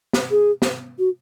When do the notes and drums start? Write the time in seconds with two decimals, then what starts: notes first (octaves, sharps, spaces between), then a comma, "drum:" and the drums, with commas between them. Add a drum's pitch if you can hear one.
0.13 drum: snare
0.31 G#4
0.62 drum: snare
0.99 F#4